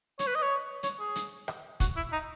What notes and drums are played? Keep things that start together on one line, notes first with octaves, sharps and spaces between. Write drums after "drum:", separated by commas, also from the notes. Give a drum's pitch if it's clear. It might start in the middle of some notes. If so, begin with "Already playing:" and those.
C#5, drum: hi-hat
B4
D#5
C#5
C#5, drum: hi-hat
G#4
drum: hi-hat
drum: rim click
F#4, drum: kick, hi-hat
E4
D#4